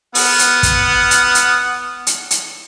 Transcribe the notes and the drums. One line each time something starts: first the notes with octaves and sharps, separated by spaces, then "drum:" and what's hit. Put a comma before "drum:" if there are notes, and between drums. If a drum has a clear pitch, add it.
B3 F#5 F6, drum: open hi-hat
drum: hi-hat
drum: kick, hi-hat
drum: hi-hat
drum: hi-hat
drum: hi-hat
drum: hi-hat